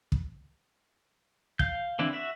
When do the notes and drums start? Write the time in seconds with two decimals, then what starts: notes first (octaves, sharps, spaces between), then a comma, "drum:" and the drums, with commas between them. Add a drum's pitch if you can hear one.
0.12 drum: kick
1.59 F5 G6, drum: kick
1.99 D3 E3 C4 D4 E4
2.13 F#4 E5